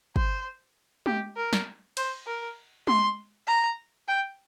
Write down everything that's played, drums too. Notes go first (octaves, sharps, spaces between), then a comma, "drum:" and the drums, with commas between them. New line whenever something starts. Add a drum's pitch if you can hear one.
C5, drum: kick
G4, drum: tom G#3
A#4
drum: snare
C5, drum: cymbal
A#4
C6, drum: tom G#3
A#5
G5